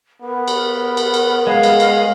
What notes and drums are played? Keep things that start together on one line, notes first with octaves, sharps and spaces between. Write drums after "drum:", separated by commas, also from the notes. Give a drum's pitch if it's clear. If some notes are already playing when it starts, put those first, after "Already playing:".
B3 A#4
drum: cymbal
drum: cymbal
drum: cymbal
G#3 F5
drum: cymbal
drum: cymbal